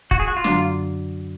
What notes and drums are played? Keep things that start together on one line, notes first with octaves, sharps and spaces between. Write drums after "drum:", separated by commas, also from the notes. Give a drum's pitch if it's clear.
F#4, drum: kick F1
G#4
F#4
F4
F#2 D3 F#3 D4, drum: snare